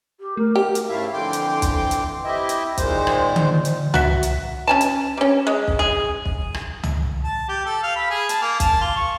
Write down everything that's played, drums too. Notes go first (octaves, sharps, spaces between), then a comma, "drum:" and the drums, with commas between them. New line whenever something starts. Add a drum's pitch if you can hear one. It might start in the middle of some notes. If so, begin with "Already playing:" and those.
G4
A3 A#4
G4 D6 F6
drum: hi-hat
G#2 C#3 A3 E4 E5 F5
F2 D3 E3 G5 C6 D6
drum: hi-hat
drum: kick, hi-hat
drum: hi-hat
C4 E4 G4 D#5 E5
drum: hi-hat
A#2 D#3 G#3 C5, drum: kick, hi-hat
drum: rim click
drum: tom D3
drum: hi-hat
F#4 E5, drum: tom
drum: hi-hat
C#4 G#5 A5
drum: hi-hat
G3 C#4
G#3
drum: kick
G#4
drum: kick
drum: rim click
drum: tom
A5
G4
A4
F5
B5
G#4
A5, drum: hi-hat
A#3
A5, drum: kick, hi-hat
F4
C#6